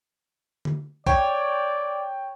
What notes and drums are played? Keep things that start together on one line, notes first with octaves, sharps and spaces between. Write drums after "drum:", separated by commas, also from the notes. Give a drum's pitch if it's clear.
drum: tom D3
C#5 D5 G5, drum: kick